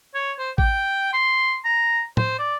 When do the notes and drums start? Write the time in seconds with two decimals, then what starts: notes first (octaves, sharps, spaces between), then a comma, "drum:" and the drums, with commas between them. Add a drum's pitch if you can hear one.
0.14 C#5
0.38 C5
0.58 G5, drum: kick A1
1.13 C6
1.65 A#5
2.17 C5, drum: tom
2.39 D5